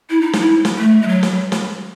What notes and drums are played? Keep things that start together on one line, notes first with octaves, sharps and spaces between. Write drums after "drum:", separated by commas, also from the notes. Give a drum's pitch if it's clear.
E4
D#4
D#4, drum: snare
E4
drum: snare
A3
G#3
F#3
drum: snare
drum: snare